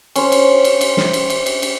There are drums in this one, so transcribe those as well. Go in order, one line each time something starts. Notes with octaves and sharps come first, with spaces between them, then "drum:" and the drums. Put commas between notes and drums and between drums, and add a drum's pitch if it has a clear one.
C#4 C5, drum: cymbal
drum: cymbal
drum: cymbal
drum: cymbal
drum: snare
drum: cymbal
drum: cymbal
drum: cymbal
drum: cymbal